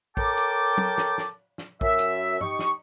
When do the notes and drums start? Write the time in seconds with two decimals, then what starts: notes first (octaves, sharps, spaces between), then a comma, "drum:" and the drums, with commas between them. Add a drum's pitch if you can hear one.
0.17 A4 A#4 C#5 G5 A5 D6, drum: kick
0.37 drum: hi-hat
0.78 drum: tom
0.98 drum: snare
1.18 drum: snare
1.58 drum: snare
1.81 F#2 E5, drum: kick
1.99 drum: hi-hat
2.41 D#4 G4 D#5 C#6, drum: tom G2
2.59 drum: snare